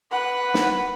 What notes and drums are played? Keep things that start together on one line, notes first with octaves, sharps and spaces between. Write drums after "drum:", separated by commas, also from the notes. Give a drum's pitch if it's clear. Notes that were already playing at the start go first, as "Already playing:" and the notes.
B4 F#5
drum: snare